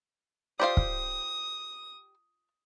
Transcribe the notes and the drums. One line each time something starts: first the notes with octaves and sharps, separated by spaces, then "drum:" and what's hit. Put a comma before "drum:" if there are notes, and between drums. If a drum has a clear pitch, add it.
F4 G4 C5 D5 F5 D#6
drum: kick